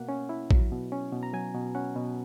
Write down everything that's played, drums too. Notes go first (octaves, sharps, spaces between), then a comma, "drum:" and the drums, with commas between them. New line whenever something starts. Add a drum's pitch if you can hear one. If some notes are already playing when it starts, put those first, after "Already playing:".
Already playing: B2 A#3 F#5
C#4
E4
F#3, drum: kick A#1
B2
C#4
B2
A#5
F#3 G#5
B2
C#4 F#5
B2